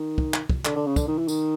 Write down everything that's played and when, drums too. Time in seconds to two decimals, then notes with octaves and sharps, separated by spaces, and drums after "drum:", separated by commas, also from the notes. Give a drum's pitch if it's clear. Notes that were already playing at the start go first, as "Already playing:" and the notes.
Already playing: D#3
0.18 drum: kick
0.34 drum: clap
0.50 drum: kick
0.65 D3, drum: clap
0.76 D3
0.86 C#3
0.96 D3, drum: kick, tambourine
1.07 D#3
1.18 E3
1.28 D#3, drum: tambourine